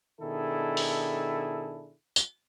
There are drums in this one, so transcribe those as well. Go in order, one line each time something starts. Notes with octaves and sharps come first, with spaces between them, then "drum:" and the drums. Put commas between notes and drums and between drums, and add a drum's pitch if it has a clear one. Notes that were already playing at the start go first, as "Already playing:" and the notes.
B2 D#3 D4 E4 G#4 A4
drum: open hi-hat
drum: tambourine